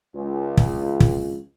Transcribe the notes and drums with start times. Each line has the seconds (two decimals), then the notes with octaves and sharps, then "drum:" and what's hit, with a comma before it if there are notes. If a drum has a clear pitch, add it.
0.14 C#2
0.57 drum: kick
1.00 drum: kick